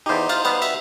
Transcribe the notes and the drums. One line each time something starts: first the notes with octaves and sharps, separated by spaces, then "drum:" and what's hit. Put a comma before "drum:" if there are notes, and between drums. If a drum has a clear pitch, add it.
E2 D#4 G4 C5
F4, drum: cymbal
G3 B3, drum: cymbal
E5, drum: cymbal